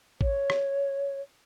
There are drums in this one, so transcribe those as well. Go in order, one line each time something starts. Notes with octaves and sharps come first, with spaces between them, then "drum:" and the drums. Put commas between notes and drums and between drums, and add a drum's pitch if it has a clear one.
C#5, drum: kick A1
drum: rim click